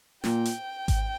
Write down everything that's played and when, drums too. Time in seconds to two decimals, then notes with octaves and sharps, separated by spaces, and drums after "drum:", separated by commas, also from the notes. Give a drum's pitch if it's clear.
0.24 A#2 G5, drum: snare
0.45 drum: hi-hat
0.88 drum: kick G#1, hi-hat